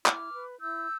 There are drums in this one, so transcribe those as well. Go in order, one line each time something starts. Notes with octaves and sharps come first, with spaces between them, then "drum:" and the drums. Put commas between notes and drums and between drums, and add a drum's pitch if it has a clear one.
E4 D6 F6, drum: clap
B4
E4 E6 G6